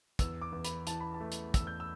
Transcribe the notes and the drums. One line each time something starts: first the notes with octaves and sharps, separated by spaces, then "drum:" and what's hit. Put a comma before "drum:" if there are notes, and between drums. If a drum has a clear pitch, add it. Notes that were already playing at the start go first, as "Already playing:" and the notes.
E2 E6, drum: kick, hi-hat
D6
E2
B5, drum: hi-hat
E3 A5, drum: hi-hat
B5
A5
A3
drum: hi-hat
E2 E6, drum: kick, hi-hat
G6
E6